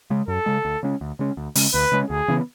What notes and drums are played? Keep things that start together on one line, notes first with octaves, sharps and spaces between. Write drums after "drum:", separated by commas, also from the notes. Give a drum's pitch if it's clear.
C#3 G#3
F#2 A4
C#3 G#3
D2
C#3 G#3 C#4
D2
C#3 G#3 C#4
D2
C#3 G#3 C#4, drum: open hi-hat
D2 B4
C#3 G#3 C#4
D2 G#4
C#3 E3 B3